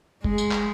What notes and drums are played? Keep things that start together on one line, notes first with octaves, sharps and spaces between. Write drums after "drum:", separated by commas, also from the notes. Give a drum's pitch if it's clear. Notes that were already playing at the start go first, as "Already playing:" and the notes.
G#3, drum: kick F#1
drum: tambourine
drum: clap